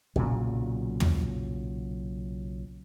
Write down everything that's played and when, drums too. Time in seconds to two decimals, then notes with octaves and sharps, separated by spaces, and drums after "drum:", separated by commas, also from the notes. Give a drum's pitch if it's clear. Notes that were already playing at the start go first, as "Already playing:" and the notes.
0.16 B1 A#2 C#3 F#3, drum: kick F#2
1.00 drum: tom